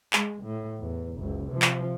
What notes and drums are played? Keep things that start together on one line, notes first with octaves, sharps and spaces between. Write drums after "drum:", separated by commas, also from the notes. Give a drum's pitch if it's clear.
G#3, drum: clap
A2
E2
F#1 C#2
C3 F3
drum: clap